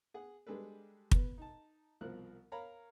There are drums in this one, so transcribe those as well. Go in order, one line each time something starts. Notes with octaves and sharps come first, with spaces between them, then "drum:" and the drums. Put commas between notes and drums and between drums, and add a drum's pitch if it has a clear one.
G#4 F#5
G3 G#3 D4 A4 B4
B3 B4, drum: kick
D#4 A5
C2 B2 F3 A#4 F#6
A#4 C#5 F5 A#5 B5